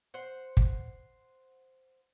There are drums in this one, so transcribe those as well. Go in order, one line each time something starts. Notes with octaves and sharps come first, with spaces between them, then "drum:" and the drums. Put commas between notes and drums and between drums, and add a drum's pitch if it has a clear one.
C5 F#5
drum: kick